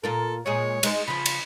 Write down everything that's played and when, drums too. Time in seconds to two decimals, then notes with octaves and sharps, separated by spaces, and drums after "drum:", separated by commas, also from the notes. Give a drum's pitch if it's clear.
0.04 A#2 F4 A4 A#4
0.46 A#2 G#3 G#4 C#5
0.83 G#3 D#4 C5, drum: cymbal
1.08 C#3 F3 B5
1.26 drum: cymbal